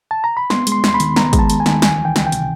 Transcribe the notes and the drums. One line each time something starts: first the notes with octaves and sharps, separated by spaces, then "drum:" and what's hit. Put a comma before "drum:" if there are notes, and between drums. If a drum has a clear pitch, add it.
A5
A#5
B5
B3 C6, drum: snare
G#3, drum: hi-hat
C6
D#2 C6, drum: snare
B5
D#3, drum: hi-hat
B3 A#5, drum: snare
G#3, drum: kick, hi-hat
A5
D#2, drum: hi-hat
G#5
D#3, drum: snare
C#2 G#5, drum: snare
E3
G5
C#2, drum: snare
G5
C3, drum: hi-hat